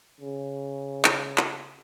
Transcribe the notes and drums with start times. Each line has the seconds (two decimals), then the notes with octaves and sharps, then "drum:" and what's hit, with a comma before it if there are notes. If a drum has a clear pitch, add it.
0.21 C#3
1.05 drum: clap
1.38 drum: clap